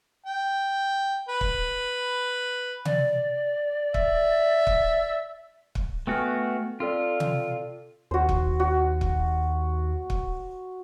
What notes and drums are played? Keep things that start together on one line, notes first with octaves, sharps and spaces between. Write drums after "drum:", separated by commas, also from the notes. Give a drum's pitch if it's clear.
G5
B4
drum: kick
D5, drum: tom C3
E5, drum: kick
drum: kick
drum: kick
A3 B3 F#4 G5 G#5 F6
C4 F4 A4 D5
drum: tom C3
D#2 F#4 C5
drum: kick
F#4
drum: kick
drum: kick